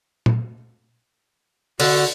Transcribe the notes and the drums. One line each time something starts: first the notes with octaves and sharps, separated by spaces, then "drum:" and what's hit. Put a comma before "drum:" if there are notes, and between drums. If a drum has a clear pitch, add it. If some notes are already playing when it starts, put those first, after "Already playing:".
drum: tom A#2
D3 F#4, drum: open hi-hat